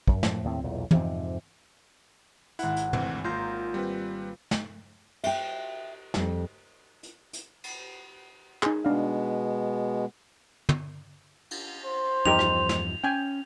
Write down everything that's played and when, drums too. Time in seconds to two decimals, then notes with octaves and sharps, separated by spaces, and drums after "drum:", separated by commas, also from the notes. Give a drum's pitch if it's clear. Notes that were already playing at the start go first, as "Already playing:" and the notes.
0.07 F#2, drum: kick
0.23 F#2 A2 F3, drum: snare
0.44 D#2 A2 C4
0.64 B1 E2 A#2
0.91 F2 G#2 C3, drum: tom
2.59 G#1 E4 F#5, drum: hi-hat
2.76 drum: hi-hat
2.93 D2 E3 C4, drum: tom
3.24 G#1 A#3 F4 G6 A#6
3.74 G3 C4 B4
4.51 drum: snare
5.24 E5 G5, drum: cymbal
6.14 F2 G#2 G3, drum: snare
7.03 drum: hi-hat
7.33 drum: hi-hat
7.64 drum: cymbal
8.63 D#4 G#4, drum: clap
8.85 B2 G#3 B3 D4 F5
10.69 drum: tom
11.51 drum: cymbal
11.85 C5
12.26 E2 G2 F3 D#4 G4 A#4 F7
12.39 drum: rim click
12.69 drum: snare
13.04 C#4 G5 G#5